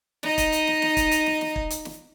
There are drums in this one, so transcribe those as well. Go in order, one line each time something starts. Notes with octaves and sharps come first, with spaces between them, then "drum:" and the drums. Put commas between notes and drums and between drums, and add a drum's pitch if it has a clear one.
D#4 D#5, drum: snare
drum: kick, hi-hat
drum: hi-hat
drum: snare
drum: snare
drum: kick, hi-hat
drum: hi-hat
drum: snare
drum: snare
drum: kick
drum: hi-hat
drum: snare